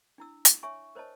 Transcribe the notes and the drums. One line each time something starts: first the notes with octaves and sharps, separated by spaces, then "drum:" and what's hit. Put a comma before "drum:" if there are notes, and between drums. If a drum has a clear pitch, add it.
D4 E4 E6
drum: hi-hat
C#5 E5 G#5 C#6
A#4 C5 C#5 D#5 A5